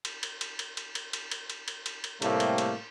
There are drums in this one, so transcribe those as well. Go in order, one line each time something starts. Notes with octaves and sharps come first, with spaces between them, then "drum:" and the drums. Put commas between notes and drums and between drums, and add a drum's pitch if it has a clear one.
drum: cymbal
drum: cymbal
drum: cymbal
drum: cymbal
drum: cymbal
drum: cymbal
drum: cymbal
drum: cymbal
drum: cymbal
drum: cymbal
drum: cymbal
drum: cymbal
A2 C3 G3 A3 A#3, drum: cymbal
drum: cymbal
drum: cymbal